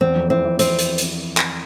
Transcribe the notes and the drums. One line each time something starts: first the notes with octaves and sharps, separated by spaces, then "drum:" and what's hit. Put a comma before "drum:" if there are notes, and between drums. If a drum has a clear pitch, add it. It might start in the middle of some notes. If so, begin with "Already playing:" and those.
E2 C4
F2
E3 C4
E3
C4, drum: hi-hat
drum: hi-hat
drum: hi-hat
drum: clap